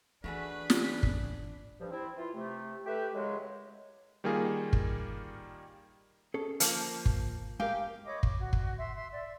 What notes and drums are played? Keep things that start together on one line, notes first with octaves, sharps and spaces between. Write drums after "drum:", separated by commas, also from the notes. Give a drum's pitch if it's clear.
E3 A3 D4 F#4 G#4 B4
drum: snare
drum: kick
G2 F3
C4 E4
E3 F4
C3 A3
A3 G4 B4 E5
F#2 C#3 E3 F#3 G#3
D#3 G3 A#3 F4 G#4
drum: kick
C#4 G#4 A4
F3 A#3 C5 A5, drum: hi-hat
drum: kick
G#3 G4 A#4 F5
C#5 D#5 B5 D6
D6, drum: kick
F#4
drum: kick
E5 C6
E5 C6
D5 E5